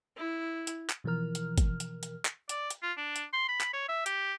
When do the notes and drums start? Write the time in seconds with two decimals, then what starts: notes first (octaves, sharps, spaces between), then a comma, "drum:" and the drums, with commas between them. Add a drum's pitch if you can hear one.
0.17 E4
0.67 drum: hi-hat
0.90 drum: clap
1.04 B2 E3 F3 A#4 F6
1.35 drum: hi-hat
1.58 drum: kick, hi-hat
1.80 drum: hi-hat
2.03 drum: hi-hat
2.25 drum: clap
2.49 D5, drum: hi-hat
2.70 drum: hi-hat
2.83 F4
2.98 D4
3.16 drum: hi-hat
3.33 C6
3.48 B5
3.61 drum: clap
3.73 C#5
3.89 E5
4.06 G4, drum: hi-hat